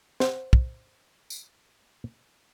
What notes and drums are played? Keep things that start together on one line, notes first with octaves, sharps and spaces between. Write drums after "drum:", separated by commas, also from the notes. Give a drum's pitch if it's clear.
C5 F#5, drum: snare
drum: kick
drum: tambourine